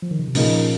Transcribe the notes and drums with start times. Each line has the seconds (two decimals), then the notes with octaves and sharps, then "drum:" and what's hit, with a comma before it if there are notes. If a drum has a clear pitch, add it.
0.02 F3
0.11 D#3
0.20 C#3
0.28 C3
0.35 A#2 C#3 F3 A#3 D#4, drum: open hi-hat